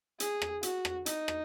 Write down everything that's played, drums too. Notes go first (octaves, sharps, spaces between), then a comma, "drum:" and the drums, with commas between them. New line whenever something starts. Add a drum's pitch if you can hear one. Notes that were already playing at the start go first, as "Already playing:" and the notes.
G#4, drum: hi-hat
drum: rim click
F#4, drum: hi-hat
drum: rim click
D#4, drum: hi-hat
drum: rim click